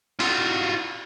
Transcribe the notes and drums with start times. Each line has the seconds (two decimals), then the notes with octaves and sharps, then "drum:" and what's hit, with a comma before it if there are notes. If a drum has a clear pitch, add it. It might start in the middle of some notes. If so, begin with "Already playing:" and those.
0.20 F4 F#4, drum: cymbal